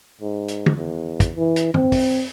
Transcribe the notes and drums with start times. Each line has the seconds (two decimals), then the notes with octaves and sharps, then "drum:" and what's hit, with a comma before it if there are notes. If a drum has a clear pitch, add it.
0.21 G#2
0.48 drum: hi-hat
0.66 drum: tom
0.76 E2
1.20 drum: kick, hi-hat
1.36 E3
1.56 drum: hi-hat
1.74 C4, drum: tom
1.92 drum: kick, open hi-hat